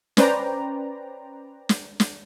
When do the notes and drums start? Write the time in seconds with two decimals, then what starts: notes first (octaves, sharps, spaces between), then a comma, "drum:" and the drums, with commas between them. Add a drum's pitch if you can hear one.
0.17 C#4 B4 C5 D5 G5 A#5, drum: snare
1.69 drum: snare
2.00 drum: snare